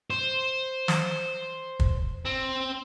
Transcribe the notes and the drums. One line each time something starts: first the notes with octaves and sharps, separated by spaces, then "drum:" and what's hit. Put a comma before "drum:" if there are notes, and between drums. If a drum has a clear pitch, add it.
C5
drum: snare
drum: kick
C4